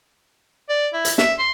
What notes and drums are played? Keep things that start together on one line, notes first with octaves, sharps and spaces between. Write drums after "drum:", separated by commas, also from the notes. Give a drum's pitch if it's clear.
D5
E4
drum: hi-hat
E5, drum: snare
C6